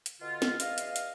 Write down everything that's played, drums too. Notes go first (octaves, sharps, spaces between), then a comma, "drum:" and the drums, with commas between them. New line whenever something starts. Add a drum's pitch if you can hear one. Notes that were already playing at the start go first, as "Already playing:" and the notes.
drum: hi-hat
B2 D3 F4
drum: snare
E2 D#5 F5, drum: hi-hat
drum: hi-hat
drum: hi-hat